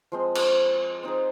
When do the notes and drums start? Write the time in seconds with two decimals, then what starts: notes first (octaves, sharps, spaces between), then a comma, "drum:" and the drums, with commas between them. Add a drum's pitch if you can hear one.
0.12 F3 G#3 C4
0.35 drum: cymbal
1.03 C4 D#4 G#4